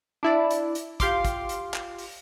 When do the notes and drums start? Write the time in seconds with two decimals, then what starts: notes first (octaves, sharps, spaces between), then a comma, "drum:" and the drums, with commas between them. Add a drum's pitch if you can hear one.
0.23 D4 E4 D5
0.51 drum: hi-hat
0.75 drum: hi-hat
1.00 F4 G4 F5 C6 D6, drum: kick, hi-hat
1.25 drum: kick, hi-hat
1.49 drum: hi-hat
1.74 drum: clap
1.98 drum: open hi-hat